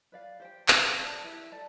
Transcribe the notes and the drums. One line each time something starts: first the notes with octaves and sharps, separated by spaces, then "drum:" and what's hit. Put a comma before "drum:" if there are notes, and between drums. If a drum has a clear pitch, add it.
B4 D5 F5
G4 C5 G5
A4 C5 F5 B5, drum: clap
B4 D5 A5
E4 G4 B4 E5
A4 D5 A5